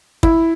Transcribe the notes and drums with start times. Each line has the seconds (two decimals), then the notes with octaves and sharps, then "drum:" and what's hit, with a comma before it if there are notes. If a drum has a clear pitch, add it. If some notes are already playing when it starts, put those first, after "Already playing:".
0.23 E4, drum: kick